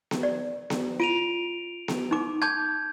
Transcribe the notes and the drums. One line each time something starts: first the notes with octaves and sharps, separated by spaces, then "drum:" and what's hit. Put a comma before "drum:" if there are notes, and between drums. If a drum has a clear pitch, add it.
drum: snare B3
D5
drum: snare B3
F4 D7 D#7 F7
drum: snare B3
D#4 D6
A5 D6 G6 G#6